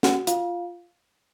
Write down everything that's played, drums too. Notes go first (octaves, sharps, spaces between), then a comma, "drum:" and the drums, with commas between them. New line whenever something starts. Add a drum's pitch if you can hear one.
F#4 F#5, drum: snare
F4 F5, drum: hi-hat